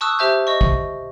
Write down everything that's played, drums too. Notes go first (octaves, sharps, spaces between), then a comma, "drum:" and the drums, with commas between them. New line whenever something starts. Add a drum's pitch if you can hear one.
A5 C#6 D#6 E6 F#6
G4 C5 E5 A5 G6
D#5 C#6
drum: kick